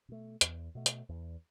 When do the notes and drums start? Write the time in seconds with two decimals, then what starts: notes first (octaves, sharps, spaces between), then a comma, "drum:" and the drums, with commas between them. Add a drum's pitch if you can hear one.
0.08 B2 A3
0.41 E2, drum: hi-hat
0.75 B2 A3
0.86 drum: hi-hat
1.09 E2